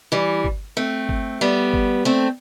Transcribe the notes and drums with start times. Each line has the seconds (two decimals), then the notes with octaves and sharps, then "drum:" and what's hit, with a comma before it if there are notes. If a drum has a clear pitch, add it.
0.12 E3 G3
0.44 drum: kick G1
0.77 A3 C4
1.09 drum: kick G1
1.41 G3 B3
1.74 drum: kick G1
2.05 A3 C4